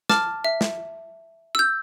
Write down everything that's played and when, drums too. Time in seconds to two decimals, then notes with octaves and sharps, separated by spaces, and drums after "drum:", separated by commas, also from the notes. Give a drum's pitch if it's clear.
0.10 A5 D6 F6 A6, drum: snare
0.44 E5
0.61 drum: snare
1.55 E6 G6